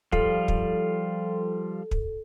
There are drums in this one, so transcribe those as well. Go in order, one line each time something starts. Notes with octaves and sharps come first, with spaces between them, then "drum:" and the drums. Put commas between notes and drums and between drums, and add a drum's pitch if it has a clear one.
F3 G3 F4 A4, drum: kick
drum: kick
drum: kick